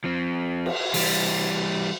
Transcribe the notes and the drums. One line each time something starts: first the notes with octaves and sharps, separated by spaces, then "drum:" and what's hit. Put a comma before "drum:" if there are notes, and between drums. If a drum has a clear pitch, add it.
F3 C4
drum: cymbal
E3 G3, drum: open hi-hat